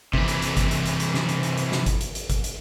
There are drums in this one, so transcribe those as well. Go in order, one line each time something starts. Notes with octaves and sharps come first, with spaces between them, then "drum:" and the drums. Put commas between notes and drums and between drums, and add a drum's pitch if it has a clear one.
C3 E3, drum: kick G1
drum: hi-hat
drum: hi-hat
drum: kick G1, hi-hat
drum: hi-hat
drum: hi-hat
drum: hi-hat
drum: snare
drum: hi-hat
drum: hi-hat
drum: hi-hat
drum: snare
drum: kick G1, hi-hat
drum: hi-hat
drum: hi-hat
drum: kick G1, hi-hat
drum: hi-hat